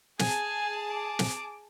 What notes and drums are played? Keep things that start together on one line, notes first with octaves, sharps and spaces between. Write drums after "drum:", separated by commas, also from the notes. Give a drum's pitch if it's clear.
G#4 G#5 A5, drum: snare
D6
drum: snare